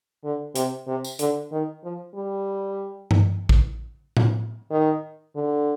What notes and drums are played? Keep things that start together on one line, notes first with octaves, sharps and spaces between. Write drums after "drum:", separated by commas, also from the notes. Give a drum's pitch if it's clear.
D3
C3, drum: hi-hat
C3
drum: tambourine
D3, drum: hi-hat
D#3
F3
G3
drum: tom G2
drum: kick A1
drum: tom A2
D#3
D3